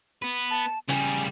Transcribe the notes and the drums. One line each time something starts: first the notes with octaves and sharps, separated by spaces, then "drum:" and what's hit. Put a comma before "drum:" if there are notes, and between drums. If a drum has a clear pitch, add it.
B3 B4
A5
C#3 G3 G#5, drum: hi-hat